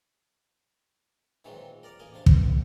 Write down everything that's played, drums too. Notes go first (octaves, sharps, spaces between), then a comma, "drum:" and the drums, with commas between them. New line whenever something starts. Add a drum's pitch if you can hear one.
A#2 D#3 E3 F#3 G#3 C4
A#4 D5 A#5 D6
A1 A#3 D#5 G#5
C3 D4 C5
B4 D6, drum: kick
A2 D3